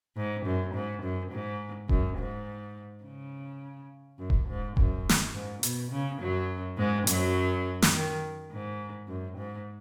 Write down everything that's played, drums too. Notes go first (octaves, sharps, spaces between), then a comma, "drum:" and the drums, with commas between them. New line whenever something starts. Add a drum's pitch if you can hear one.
G#2
F#2
G#2
F#2
G#2
F#2, drum: kick D#1
G#2
C#3
F#2
drum: kick D#1
G#2
F#2, drum: kick D#1
drum: snare
G#2
B2, drum: hi-hat
C#3
F#2 F#3
G#2 G#3
F#2 F#3, drum: hi-hat
drum: snare
D#3
G#2
F#2
G#2